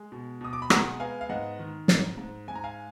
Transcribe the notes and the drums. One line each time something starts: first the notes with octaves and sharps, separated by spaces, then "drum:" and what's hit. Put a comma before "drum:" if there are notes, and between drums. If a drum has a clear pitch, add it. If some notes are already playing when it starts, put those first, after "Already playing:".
Already playing: G#3
B2
B2 D#6
D6
B5
G#3 F#5 A#5, drum: rim click
B3 F5 G#5
F5
G#2 D#5 F#5
D#3
G#2, drum: snare
G#2
G#2 G#5
A#5
F5 G#5